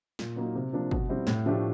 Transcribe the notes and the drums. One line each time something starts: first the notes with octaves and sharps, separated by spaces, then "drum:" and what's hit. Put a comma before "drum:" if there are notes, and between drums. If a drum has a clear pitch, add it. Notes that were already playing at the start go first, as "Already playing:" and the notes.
A#2, drum: snare
F#3 A#3 D#4
C3
F3 A#3 D4
B2, drum: kick
G3 C4 E4
A2, drum: snare
F3 A3 D4 G4